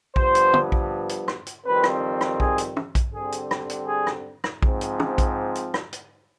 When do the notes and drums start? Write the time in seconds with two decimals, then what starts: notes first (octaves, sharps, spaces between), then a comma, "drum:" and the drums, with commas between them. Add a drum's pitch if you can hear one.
0.16 G2 F3 B3 C5, drum: kick A#1
0.35 drum: hi-hat
0.54 drum: tom
0.72 drum: kick A#1
1.09 drum: hi-hat
1.28 drum: rim click
1.46 drum: hi-hat
1.65 F2 D#3 G3 C4 B4
1.84 drum: rim click
2.21 drum: rim click
2.40 G#4, drum: kick A#1
2.58 drum: hi-hat
2.77 drum: tom
2.95 drum: kick A#1, hi-hat
3.14 D3 G3 C4 G#4
3.32 drum: hi-hat
3.51 drum: rim click
3.70 drum: hi-hat
3.88 G#4
4.07 drum: rim click
4.44 drum: rim click
4.62 G#2 F3 C4, drum: kick A#1
4.81 drum: hi-hat
5.00 drum: tom
5.18 drum: kick A#1, hi-hat
5.55 drum: hi-hat
5.74 drum: rim click
5.93 drum: hi-hat